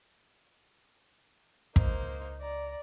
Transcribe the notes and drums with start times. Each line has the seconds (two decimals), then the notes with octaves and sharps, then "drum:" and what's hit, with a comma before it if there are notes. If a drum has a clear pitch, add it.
1.76 C#2 A#3 D#4 C5, drum: kick
2.42 D5 A#5